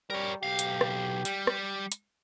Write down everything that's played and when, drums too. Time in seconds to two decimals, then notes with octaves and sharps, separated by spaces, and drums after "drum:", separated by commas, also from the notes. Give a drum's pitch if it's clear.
0.10 G3 A#4 C#5
0.43 B1 G4 F5
0.59 drum: hi-hat
0.81 drum: rim click
1.25 G3, drum: hi-hat
1.47 drum: rim click
1.92 drum: hi-hat